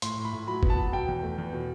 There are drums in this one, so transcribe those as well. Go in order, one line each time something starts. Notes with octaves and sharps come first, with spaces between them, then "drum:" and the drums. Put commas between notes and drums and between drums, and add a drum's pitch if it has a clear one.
A2 C6, drum: hi-hat
A2
B5
A2
F#3 B5
B3, drum: kick G1
A5
F#3
B2 G5
E2
A3
E2
B2